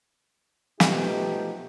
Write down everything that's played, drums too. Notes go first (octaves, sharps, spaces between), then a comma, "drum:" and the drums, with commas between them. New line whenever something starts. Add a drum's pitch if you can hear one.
B2 F3 A3 B3 D#4 G4, drum: snare